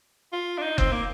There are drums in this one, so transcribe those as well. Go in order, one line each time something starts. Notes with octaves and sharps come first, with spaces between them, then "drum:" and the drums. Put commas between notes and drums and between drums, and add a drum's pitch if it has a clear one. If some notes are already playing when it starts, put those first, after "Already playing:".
F4
D4
D#4
C4, drum: kick F#1
A#3